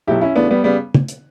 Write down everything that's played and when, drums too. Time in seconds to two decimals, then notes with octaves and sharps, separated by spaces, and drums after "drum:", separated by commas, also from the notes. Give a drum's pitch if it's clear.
0.07 B1 B2 F#3 E4 G4
0.21 C#4 E4
0.36 D2 C#3 E3 B3 D4
0.51 G3 B3
0.64 C#3 G3 B3
0.94 drum: tom
1.08 drum: hi-hat